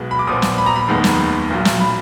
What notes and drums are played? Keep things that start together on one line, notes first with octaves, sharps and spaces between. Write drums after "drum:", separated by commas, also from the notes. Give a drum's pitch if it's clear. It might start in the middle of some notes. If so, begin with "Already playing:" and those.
Already playing: B1 B2 G#3 B3
B5
D6
A#1 A#2 F3 B3 D#6
D#6, drum: snare
B5
A#5
B5
F1 D#2 D#3 G#3 B3
drum: snare
B1 A#2 F#3
drum: snare
B5